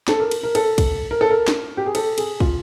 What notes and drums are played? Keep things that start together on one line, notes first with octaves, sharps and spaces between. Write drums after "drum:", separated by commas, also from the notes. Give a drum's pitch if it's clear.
A4, drum: snare
A#4
drum: cymbal
A#4
A4, drum: cymbal
drum: kick, cymbal
A#4
A4
A#4
drum: snare
G4
G#4
A4, drum: cymbal
G#4, drum: cymbal
F4, drum: kick